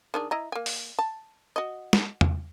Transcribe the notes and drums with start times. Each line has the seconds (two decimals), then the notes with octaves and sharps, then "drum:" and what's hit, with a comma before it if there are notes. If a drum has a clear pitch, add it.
0.14 D#3 D4 G#4
0.31 E4 D#5 A#5
0.52 A#3 G#5
0.66 drum: open hi-hat
0.99 A5
1.56 F#4 D#5
1.93 drum: snare
2.21 drum: tom E2